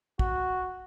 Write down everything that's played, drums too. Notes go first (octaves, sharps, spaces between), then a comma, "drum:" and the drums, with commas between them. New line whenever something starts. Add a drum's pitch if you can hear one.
F#4, drum: kick